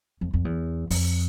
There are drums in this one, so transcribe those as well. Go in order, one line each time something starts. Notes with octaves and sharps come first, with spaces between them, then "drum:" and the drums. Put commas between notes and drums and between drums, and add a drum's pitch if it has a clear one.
F2
F2
E2
F2, drum: open hi-hat